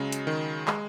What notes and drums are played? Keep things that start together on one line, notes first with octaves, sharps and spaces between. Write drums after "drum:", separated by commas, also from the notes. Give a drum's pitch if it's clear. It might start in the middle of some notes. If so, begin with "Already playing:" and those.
Already playing: C#3 F#3 G#3
drum: hi-hat
D#3
G#3, drum: clap